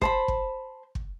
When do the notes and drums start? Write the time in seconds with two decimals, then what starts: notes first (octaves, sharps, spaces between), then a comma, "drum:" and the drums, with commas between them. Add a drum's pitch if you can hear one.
0.02 C5 A5 B5, drum: kick
0.28 drum: kick
0.95 drum: kick